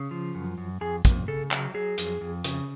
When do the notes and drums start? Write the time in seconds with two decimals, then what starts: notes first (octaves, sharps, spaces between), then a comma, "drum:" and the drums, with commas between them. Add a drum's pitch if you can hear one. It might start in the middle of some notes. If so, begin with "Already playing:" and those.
Already playing: C#3
0.11 F3
0.35 F#2
0.58 F#2
0.81 F2 G#4
1.05 F2, drum: kick, hi-hat
1.28 C#3 A4
1.51 F#3, drum: clap
1.74 F#3 G#4
1.98 F2, drum: hi-hat
2.21 F2
2.44 C#3, drum: hi-hat